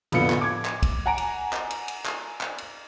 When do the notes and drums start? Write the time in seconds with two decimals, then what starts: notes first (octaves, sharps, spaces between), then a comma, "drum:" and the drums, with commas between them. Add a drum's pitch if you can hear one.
0.12 F1 A2 D3 B3 F4 C#7, drum: cymbal
0.30 drum: clap
0.41 D6 G#6
0.65 drum: clap
0.83 drum: kick, cymbal
1.06 F#5 G#5 A#5 D7
1.18 drum: cymbal
1.53 drum: clap
1.70 drum: cymbal
1.88 drum: cymbal
2.06 drum: clap
2.41 drum: clap
2.58 drum: cymbal